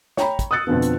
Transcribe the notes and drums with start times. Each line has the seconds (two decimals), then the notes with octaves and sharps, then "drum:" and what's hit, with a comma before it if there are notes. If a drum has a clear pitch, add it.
0.17 C#5 G5 A#5 B5, drum: snare
0.39 drum: kick, hi-hat
0.51 D#6 E6 F#6 A6 C#7
0.67 F2 B2 D3 F3 B3
0.82 drum: hi-hat